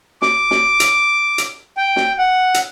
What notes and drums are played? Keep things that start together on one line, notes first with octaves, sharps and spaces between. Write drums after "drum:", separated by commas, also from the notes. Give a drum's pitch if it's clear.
D6, drum: snare
drum: snare
drum: hi-hat
drum: hi-hat
G5
drum: snare
F#5
drum: hi-hat